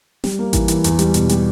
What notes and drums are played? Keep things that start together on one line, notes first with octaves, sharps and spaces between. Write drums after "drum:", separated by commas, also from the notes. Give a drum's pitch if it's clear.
G3, drum: snare
A#3
E3, drum: kick A1, hi-hat
E3, drum: hi-hat
E2, drum: hi-hat
G3, drum: hi-hat
B2, drum: hi-hat
G3, drum: hi-hat